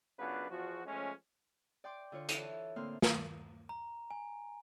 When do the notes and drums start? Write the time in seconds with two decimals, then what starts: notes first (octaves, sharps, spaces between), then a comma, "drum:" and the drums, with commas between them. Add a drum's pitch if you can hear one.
0.20 F#2 C#3 B3 D4 F4 B4
0.51 E2 F3 F#4
0.86 F3 G#3 A3 C#4
1.84 D5 G5 C6 D6
2.12 D3 F4 C#5
2.29 E3 A4, drum: hi-hat
2.76 A2 D3 A#3 C4 C6 F6
3.02 drum: snare
3.69 A#5
4.11 G#5